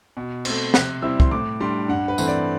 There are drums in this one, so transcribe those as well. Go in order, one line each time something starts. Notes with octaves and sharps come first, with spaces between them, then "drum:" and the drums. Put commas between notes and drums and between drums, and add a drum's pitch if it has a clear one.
B2
A3 C4, drum: cymbal
C3 F#6, drum: snare
G3 C4 E4 E6
C6, drum: kick C2
A2 D6
G3 D4 C6
G2 F#5
B4
E3 A3 C4, drum: tambourine
D5